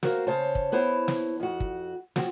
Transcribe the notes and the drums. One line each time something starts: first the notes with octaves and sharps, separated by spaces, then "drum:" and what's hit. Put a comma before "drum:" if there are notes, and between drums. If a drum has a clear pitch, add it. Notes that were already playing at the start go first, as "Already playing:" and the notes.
F#4 A#4 C5 F5, drum: snare
C#3 C5 C#5 A5
drum: kick
B3 E4 C5 C#5 A5
drum: snare
F2 F#4
drum: kick
F3 C4 F#4, drum: snare